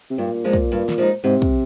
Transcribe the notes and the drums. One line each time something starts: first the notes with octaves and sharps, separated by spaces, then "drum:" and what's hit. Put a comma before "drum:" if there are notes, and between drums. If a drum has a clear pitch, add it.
C3
G2 A#2
F3 G#3 D#4
drum: kick
G2
drum: snare
F3 G#3 D#4
G#2 C3
drum: kick